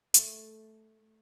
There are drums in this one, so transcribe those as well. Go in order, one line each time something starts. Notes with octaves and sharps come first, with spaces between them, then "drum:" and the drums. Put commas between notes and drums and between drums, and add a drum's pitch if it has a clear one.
A3, drum: hi-hat